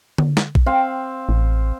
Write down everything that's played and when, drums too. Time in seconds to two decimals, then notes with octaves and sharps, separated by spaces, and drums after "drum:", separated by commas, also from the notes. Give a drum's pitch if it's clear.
0.18 drum: tom D3
0.37 drum: snare
0.55 drum: kick A#1
0.66 C4 F5
1.29 A1